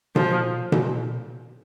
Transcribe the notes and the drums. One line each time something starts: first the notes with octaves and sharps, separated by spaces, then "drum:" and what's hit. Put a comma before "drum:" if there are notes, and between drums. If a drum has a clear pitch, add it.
F3, drum: tom B2
drum: tom B2